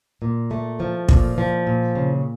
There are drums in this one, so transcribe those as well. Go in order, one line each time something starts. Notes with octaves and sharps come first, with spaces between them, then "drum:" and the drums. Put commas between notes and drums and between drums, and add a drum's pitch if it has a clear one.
A#2
A3
F3
A#2, drum: kick
F3
A#2
C#3